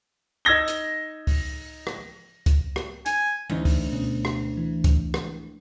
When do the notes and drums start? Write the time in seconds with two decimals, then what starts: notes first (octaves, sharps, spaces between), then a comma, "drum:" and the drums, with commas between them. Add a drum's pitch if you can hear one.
0.45 D#4 E6 G#6 A#6 G7
0.68 drum: hi-hat
1.27 drum: kick C#2, open hi-hat
1.87 drum: rim click
2.46 drum: kick C#2, hi-hat
2.76 drum: rim click
3.06 G#5, drum: hi-hat
3.50 D2 E3 C#4 D#4
3.65 drum: kick C#2, open hi-hat
3.92 B2 C#4
4.25 drum: rim click
4.57 E3
4.84 drum: kick C#2, hi-hat
5.14 drum: rim click